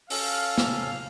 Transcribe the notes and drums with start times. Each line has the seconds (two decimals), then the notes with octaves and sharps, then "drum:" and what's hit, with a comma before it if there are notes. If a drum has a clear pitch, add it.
0.10 C#4 A4 F5, drum: open hi-hat
0.58 drum: snare